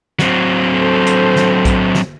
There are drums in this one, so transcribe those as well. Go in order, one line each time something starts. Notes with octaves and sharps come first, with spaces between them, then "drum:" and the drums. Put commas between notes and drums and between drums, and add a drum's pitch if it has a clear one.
F#3 C4, drum: snare
A4 C5
drum: hi-hat
drum: snare
drum: kick A#1, hi-hat
drum: snare